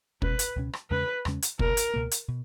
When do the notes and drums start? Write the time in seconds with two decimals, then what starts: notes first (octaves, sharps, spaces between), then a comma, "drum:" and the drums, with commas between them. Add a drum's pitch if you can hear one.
0.22 C#2 B2 G#3 C#4 B4, drum: kick
0.39 drum: hi-hat
0.56 C#2 B2 G#3 C#4
0.73 drum: rim click
0.90 E2 C#3 G#3 C#4 B4
1.25 E2 C#3 G#3 C#4, drum: rim click
1.42 drum: hi-hat
1.59 C#2 B2 A#3 A#4, drum: kick
1.77 drum: hi-hat
1.94 C#2 B2 A#3
2.11 drum: hi-hat
2.28 B2